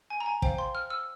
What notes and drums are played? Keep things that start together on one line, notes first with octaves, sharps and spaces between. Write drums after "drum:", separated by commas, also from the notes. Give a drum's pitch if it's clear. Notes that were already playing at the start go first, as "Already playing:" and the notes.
G#5
A#5
G#5
C5 F5 G5, drum: kick
C6
F6
E6